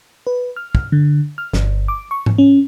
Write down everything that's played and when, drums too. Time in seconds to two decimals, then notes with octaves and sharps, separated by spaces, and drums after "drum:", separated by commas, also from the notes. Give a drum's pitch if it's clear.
0.27 B4
0.56 F6
0.75 drum: kick
0.92 D3
1.38 F6
1.53 G1, drum: snare
1.88 D6
2.11 C#6
2.26 drum: tom G#2
2.38 C#4